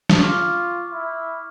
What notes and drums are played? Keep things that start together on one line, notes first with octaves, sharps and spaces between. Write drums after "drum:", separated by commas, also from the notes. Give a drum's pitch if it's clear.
drum: snare
F4 C#6 D6 F6
E4